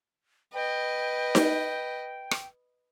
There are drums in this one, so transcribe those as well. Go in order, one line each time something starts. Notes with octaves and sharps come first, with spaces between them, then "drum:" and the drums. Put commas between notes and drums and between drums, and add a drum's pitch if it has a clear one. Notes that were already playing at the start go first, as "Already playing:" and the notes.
B4 D#5 G5
drum: snare D#4
drum: rim click